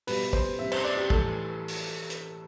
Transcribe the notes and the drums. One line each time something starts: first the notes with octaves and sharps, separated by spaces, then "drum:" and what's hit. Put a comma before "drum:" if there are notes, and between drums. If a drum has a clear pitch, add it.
B2 G3 B4, drum: open hi-hat
C5, drum: kick A1
C3 G3 E5
C5, drum: cymbal
D5
G4
A2 E3 G3 A4, drum: kick A1
drum: open hi-hat
drum: hi-hat